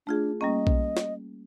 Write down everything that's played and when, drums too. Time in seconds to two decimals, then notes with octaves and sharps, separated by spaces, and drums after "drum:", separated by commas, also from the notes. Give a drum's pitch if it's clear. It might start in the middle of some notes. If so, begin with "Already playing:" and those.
0.07 A3 D4 F4 G#4
0.41 G3 A#3 C#4 D#5
0.67 drum: kick B1
0.97 drum: snare